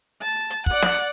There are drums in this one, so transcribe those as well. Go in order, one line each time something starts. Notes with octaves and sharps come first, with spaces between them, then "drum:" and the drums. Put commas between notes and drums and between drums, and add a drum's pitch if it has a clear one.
A5
drum: hi-hat
D5 F#5, drum: kick
drum: snare